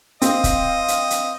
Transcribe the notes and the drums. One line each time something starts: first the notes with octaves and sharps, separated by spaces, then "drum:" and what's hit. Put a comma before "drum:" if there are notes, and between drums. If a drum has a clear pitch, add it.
C4 D#5 F5, drum: hi-hat
drum: kick C#1, hi-hat
drum: hi-hat
drum: hi-hat